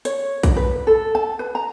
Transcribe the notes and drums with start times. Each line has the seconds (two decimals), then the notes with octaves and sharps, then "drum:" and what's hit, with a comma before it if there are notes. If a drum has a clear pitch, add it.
0.05 C#5, drum: hi-hat
0.43 drum: kick, hi-hat
0.56 B4
0.87 A4
1.15 A5
1.39 B4
1.55 A#5